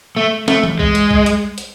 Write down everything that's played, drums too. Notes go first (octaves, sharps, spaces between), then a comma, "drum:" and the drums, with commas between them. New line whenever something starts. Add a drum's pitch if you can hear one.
A3
A3, drum: snare
drum: tom E3
G#3, drum: kick
drum: hi-hat
drum: kick
drum: hi-hat
drum: hi-hat